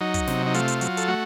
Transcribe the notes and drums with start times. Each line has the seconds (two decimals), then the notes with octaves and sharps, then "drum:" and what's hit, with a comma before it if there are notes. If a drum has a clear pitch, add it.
0.01 F#3 D#4
0.14 drum: kick, hi-hat
0.27 C3, drum: snare
0.46 D#4
0.54 A3 F4, drum: hi-hat
0.68 drum: hi-hat
0.81 F#3, drum: hi-hat
0.97 A4, drum: hi-hat
1.08 A3 F#4